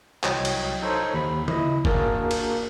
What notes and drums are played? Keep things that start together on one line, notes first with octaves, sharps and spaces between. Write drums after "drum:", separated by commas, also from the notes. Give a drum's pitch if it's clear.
C2 F#3 C#5 D#5 G5, drum: clap
drum: cymbal
D#4 A4 C5 C#5 D#5
D#2 B5
E4 D#5, drum: tom C#3
A#3 D4 F#4 G#4 A#4 D5, drum: kick G1
drum: cymbal